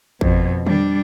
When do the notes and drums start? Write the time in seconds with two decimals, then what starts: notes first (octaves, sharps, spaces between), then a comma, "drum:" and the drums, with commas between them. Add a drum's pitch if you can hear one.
0.21 F2 B2, drum: kick G#1
0.67 G3 D4, drum: tom D3